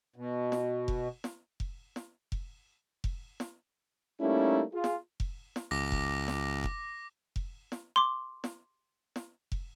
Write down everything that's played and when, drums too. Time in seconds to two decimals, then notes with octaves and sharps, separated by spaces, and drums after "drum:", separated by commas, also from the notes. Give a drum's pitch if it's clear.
0.16 B2
0.52 drum: snare
0.88 drum: kick F1
1.24 drum: snare
1.60 drum: kick F1
1.96 drum: snare
2.32 drum: kick F1
3.04 drum: kick F1
3.40 drum: snare
4.21 G3 A3 A#3 C#4 D#4 E4
4.73 F4 G#4
4.84 drum: snare
5.20 drum: kick F1
5.56 drum: snare
5.71 C#2 D6 A#6
5.92 drum: kick F1
6.28 drum: snare
6.64 drum: kick F1
7.36 drum: kick F1
7.72 drum: snare
7.96 C6 D6
8.44 drum: snare
9.16 drum: snare
9.52 drum: kick F1